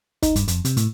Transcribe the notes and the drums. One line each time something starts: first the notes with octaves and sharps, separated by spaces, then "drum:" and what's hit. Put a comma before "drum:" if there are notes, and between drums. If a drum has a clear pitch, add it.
D#4, drum: kick, hi-hat
G2, drum: hi-hat
F2, drum: hi-hat
C3, drum: hi-hat
A2, drum: hi-hat